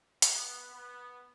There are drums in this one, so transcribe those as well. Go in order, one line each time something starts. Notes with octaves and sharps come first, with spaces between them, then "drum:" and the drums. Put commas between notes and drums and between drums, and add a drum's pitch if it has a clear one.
B3, drum: hi-hat
B3